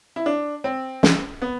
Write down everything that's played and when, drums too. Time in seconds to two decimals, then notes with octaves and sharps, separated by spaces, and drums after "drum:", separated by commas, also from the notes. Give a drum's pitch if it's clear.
0.16 E4
0.26 D4
0.64 C4
1.03 drum: snare
1.42 B3